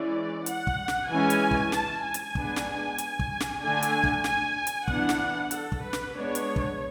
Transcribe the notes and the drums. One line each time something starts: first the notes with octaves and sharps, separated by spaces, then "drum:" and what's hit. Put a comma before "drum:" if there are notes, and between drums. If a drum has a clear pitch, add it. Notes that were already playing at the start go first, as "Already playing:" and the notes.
Already playing: E3 G#3 C#4 D5
F#5, drum: hi-hat
drum: kick
drum: snare
E3 G#3 C#4 G#5
drum: hi-hat
drum: kick
A5, drum: snare
G#5
drum: hi-hat
G#3 B3 D4, drum: kick
drum: snare
drum: hi-hat
drum: kick
drum: snare
D3 A3 D4 G#5
drum: hi-hat
drum: kick
G#5, drum: snare
drum: hi-hat
E3 B3 D4 F#5, drum: kick
drum: snare
A4, drum: hi-hat
drum: kick
B4
drum: snare
G#3 B3 D4 C#5
drum: hi-hat
drum: kick